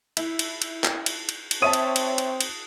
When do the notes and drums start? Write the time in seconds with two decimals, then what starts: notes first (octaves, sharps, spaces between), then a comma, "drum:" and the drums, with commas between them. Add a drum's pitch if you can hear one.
0.17 E4, drum: cymbal
0.39 drum: cymbal
0.62 drum: cymbal
0.84 drum: clap
1.06 drum: cymbal
1.29 drum: cymbal
1.51 drum: cymbal
1.62 C4 C#5 E5 A5 D#6 D#7
1.73 drum: cymbal
1.96 drum: cymbal
2.18 drum: cymbal
2.41 drum: cymbal